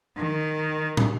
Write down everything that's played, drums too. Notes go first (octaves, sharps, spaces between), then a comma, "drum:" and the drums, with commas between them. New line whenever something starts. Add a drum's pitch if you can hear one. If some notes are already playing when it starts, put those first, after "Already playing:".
D#3
drum: tom